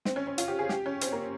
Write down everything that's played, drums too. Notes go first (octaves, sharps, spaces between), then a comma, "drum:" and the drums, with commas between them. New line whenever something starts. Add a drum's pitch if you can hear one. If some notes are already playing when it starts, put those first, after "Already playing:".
C4, drum: snare
C#4
C#4
F4, drum: hi-hat
G4
G#4
G4, drum: snare
C#4
C4, drum: hi-hat
A#3